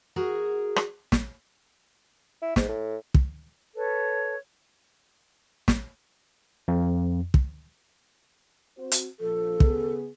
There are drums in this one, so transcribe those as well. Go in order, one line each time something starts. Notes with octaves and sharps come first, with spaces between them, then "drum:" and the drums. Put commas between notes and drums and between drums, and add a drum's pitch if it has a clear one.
F#4 G#4 A#4
drum: rim click
drum: snare
E4
G#2, drum: snare
A2
drum: kick
A4 B4 C#5
drum: snare
F2
drum: kick
C4 F#4 C5
drum: hi-hat
A#1 F3 A4
C#3 B3 G#4, drum: kick